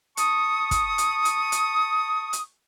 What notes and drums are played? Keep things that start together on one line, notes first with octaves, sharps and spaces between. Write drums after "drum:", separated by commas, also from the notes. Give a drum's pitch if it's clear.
A5 C#6 D#6, drum: hi-hat
drum: kick, hi-hat
drum: hi-hat
drum: hi-hat
drum: hi-hat
drum: hi-hat